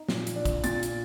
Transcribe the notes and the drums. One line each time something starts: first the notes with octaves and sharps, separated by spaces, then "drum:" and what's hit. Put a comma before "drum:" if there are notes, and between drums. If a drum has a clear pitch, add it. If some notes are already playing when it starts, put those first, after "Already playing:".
Already playing: D#4
A#2, drum: snare
drum: hi-hat
D4
drum: kick, hi-hat
A#2 A6, drum: hi-hat
drum: hi-hat